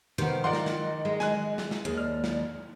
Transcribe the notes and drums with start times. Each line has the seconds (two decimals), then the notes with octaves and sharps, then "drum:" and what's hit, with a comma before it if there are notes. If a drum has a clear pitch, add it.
0.18 C3 D#3 F3 B3
0.44 F4 A#4 D5 D#5 F#5 C6
0.53 drum: snare
0.66 drum: snare
1.05 G#3
1.20 G#5 F#6, drum: snare
1.58 drum: snare
1.71 drum: snare
1.85 D#2 G#4
1.98 D5 F6
2.24 drum: snare